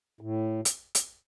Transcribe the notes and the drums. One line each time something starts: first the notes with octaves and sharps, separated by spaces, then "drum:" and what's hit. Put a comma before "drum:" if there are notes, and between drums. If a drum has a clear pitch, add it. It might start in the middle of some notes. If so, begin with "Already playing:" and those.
A2
drum: hi-hat
drum: hi-hat